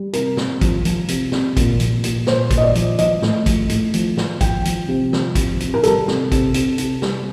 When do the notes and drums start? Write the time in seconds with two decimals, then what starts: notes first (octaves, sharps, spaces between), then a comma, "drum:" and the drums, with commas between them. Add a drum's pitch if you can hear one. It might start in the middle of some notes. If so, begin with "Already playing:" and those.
Already playing: G3
0.13 C3 A#4, drum: hi-hat
0.37 C3, drum: snare
0.61 F3, drum: kick, hi-hat
0.85 F3, drum: hi-hat
1.08 C3, drum: hi-hat
1.32 C3, drum: snare
1.57 A#2, drum: kick, hi-hat
1.80 F3, drum: hi-hat
2.04 A#2, drum: hi-hat
2.27 A#2 C5, drum: snare
2.51 A#2, drum: kick, hi-hat
2.58 D#5
2.64 D5
2.75 F3, drum: hi-hat
2.99 F3 D#5, drum: hi-hat
3.22 A2, drum: snare
3.46 F3, drum: kick, hi-hat
3.69 A2, drum: hi-hat
3.94 F3, drum: hi-hat
4.17 F3, drum: snare
4.41 F3 G5, drum: kick, hi-hat
4.65 F3, drum: hi-hat
4.88 C3
5.13 F3, drum: snare
5.35 C3, drum: kick, hi-hat
5.60 C3, drum: hi-hat
5.74 A#4
5.83 G3 A4, drum: hi-hat
6.08 C3, drum: snare
6.32 C3, drum: kick, hi-hat
6.54 C3, drum: hi-hat
6.78 C3, drum: hi-hat
7.02 G3, drum: snare